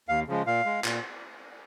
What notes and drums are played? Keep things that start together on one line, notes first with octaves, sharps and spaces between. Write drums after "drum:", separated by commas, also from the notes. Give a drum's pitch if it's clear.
D#2 F5
C#3 F3 G#3
A#2 F5
G#3
A#2, drum: clap